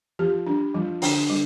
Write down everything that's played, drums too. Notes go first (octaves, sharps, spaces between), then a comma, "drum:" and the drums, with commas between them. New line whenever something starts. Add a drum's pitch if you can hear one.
F3 G4
G3 D4
F3 G3
D3 D4, drum: open hi-hat
D3 G3